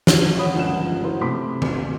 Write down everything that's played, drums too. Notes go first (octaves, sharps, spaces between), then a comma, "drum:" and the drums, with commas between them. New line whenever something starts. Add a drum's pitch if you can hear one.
D#3 F#3, drum: snare
C#5 F#5 B5 D#6
G1 C#2 D3 F3 F#5 E7
F#3 E4 C5
C3 A3 B5 C6 D6 B6
drum: tom D#3